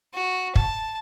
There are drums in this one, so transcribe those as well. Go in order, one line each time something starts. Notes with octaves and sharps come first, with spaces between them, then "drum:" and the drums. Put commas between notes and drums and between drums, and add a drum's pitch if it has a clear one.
F#4
A5, drum: kick